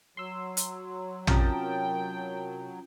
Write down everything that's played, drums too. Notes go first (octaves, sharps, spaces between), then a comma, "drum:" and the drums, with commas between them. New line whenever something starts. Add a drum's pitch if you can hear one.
F#3 C6 E6
drum: hi-hat
C3 C#4 F4 A#4 G5 A5 D#6, drum: tom